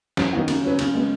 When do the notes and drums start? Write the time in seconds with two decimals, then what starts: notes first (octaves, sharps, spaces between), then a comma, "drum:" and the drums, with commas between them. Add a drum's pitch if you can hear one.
0.17 F#2, drum: snare
0.33 D#3 B3 F#4
0.48 C#3, drum: cymbal
0.63 F#3 C#4 B4
0.79 C#3, drum: cymbal
0.94 G#3 B3